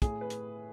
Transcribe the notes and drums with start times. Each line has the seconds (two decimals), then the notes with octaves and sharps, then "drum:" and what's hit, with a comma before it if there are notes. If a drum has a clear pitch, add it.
0.02 A2 G#4, drum: kick, hi-hat
0.21 B4
0.30 drum: hi-hat